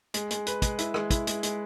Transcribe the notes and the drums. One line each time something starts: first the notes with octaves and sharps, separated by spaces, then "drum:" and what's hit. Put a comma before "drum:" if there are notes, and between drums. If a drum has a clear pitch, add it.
G#3, drum: hi-hat
G#3, drum: hi-hat
B4, drum: hi-hat
G#3, drum: kick, hi-hat
E4, drum: hi-hat
G#3, drum: rim click
E4, drum: kick, hi-hat
G#3, drum: hi-hat
G#3, drum: hi-hat